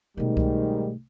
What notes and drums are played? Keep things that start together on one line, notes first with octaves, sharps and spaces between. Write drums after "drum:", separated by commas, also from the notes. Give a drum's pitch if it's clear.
G#2 B2 D#3 G3 A3
drum: kick C2